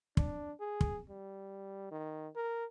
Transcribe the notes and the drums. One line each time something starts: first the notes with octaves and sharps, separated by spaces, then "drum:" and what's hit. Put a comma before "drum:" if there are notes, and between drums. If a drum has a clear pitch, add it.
D4, drum: kick
G#4
drum: kick
G3
D#3
A#4